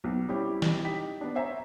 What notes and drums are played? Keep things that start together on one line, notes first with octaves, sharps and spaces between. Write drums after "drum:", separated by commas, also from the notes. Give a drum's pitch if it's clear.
B1
G3 C4 C#4 E4 G4
drum: snare
D#4 G4 B6
B3 D4
C5 C#5 E5 G#5 A#5